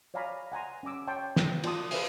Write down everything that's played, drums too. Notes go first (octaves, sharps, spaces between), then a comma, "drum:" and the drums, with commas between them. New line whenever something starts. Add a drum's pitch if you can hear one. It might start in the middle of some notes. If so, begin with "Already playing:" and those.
C#5 D5 F5 G#5 A#5 B5
F#5 G#5 A#5 C6
C#4 D5 G#5 D6 E6
C#5 G5 A5 C6 C#6
drum: snare
F4 D5 A5 C6 D#6, drum: cymbal
A4 B4 C5 E5 F5 G#5, drum: open hi-hat